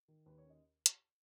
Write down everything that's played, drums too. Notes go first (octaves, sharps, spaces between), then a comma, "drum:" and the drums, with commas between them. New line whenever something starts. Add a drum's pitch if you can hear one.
D#3
D#2 B4
C#5
C#4
D#5
drum: hi-hat